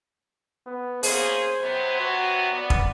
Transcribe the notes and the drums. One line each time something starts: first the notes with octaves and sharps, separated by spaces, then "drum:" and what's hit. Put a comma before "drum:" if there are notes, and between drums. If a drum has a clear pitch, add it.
B3
A#3 C#4 G#4 C5, drum: open hi-hat
C3 F#3 B3
F#4
B3 D5
drum: kick